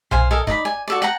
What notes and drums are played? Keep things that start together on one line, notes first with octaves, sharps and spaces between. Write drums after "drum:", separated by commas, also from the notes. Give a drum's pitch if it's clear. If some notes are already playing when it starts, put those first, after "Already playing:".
C5 F5 G#5, drum: tom B1
A4 A#4 D#5 G#5
D#4 D5 E5 B5, drum: kick
G#5
F#4 A4 D5
F#5 G5 A5 A#5